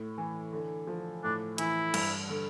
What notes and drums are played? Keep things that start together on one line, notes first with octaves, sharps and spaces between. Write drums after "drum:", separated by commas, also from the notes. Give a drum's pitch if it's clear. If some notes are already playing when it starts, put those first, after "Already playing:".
Already playing: A2
E3
D3
F3
A2 D4
E3 E4, drum: hi-hat
G2, drum: cymbal
D3